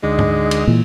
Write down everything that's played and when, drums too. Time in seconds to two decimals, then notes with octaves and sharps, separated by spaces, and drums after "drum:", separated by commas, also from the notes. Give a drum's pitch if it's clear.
0.03 D2 D3 G#3 D#4
0.19 drum: tom
0.51 drum: cymbal
0.67 A#2 E3